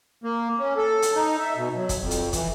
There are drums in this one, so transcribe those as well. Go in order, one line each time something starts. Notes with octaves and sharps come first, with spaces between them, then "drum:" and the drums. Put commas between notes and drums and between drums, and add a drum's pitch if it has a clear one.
A#3
C#4
A4
drum: hi-hat
D#4
E5
B2
F#3
drum: kick, hi-hat
F2
drum: hi-hat
E3, drum: kick, hi-hat